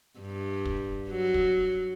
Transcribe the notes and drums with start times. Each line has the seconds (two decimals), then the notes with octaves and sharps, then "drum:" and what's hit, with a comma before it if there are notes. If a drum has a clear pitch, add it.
0.20 G2
0.65 drum: kick
1.10 F#3
1.34 drum: kick